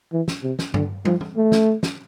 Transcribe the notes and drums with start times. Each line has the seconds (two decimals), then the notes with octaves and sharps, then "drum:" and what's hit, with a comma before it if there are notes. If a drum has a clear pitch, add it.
0.13 E3
0.28 drum: snare
0.43 C3
0.59 drum: snare
0.74 D3, drum: tom G2
1.05 F3, drum: tom
1.21 drum: tom
1.37 A3
1.52 drum: snare
1.83 drum: snare